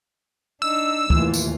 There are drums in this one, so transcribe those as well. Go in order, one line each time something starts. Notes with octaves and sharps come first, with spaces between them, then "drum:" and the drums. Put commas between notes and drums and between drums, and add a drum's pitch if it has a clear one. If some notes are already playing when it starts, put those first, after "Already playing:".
D4 D#4 E6
D#2 A2 E3 F4, drum: kick
drum: tambourine